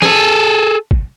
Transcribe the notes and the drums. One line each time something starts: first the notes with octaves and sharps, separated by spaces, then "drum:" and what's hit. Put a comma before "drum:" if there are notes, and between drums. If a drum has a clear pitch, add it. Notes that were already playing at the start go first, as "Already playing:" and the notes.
G#4 A4, drum: snare
drum: kick